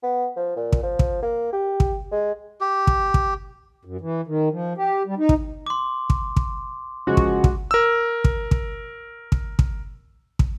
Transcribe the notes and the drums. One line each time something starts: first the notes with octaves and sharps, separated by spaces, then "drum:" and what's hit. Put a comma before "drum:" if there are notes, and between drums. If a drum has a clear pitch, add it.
B3
F3
A#2
drum: kick
F3
drum: kick
A#3
G4
drum: kick
G#3
G4
drum: kick
drum: kick
F#2
E3
D#3
F3
G4
G3
D#4
drum: kick
C6 D6
drum: kick
drum: kick
C#3 F3 G#3 F#4
drum: kick
drum: kick
A#4 E6
drum: kick
drum: kick
drum: kick
drum: kick
drum: kick